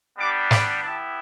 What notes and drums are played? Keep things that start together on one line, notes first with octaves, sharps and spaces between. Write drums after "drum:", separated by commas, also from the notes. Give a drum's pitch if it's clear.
G3 B3 D4 G4 D6
B5, drum: snare
B3 E4 G4 A5